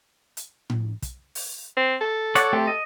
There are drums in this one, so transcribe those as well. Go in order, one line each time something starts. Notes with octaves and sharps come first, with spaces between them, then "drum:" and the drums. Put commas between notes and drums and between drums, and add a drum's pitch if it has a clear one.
drum: hi-hat
drum: tom A2
drum: kick, hi-hat
drum: open hi-hat
C4
A4
C#5 D5 F#5, drum: hi-hat
A3 C4 G4
D#5